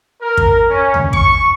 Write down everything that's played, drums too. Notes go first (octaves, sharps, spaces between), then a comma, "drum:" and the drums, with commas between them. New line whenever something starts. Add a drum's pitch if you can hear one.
A#4
drum: kick
C#4
drum: tom D2
C#6, drum: kick